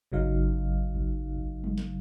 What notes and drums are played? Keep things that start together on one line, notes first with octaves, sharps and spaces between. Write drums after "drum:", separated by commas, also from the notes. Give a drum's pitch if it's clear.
G#1 C#3 F#3 D#4 F5
drum: kick B1
drum: kick B1
drum: tom G3
drum: snare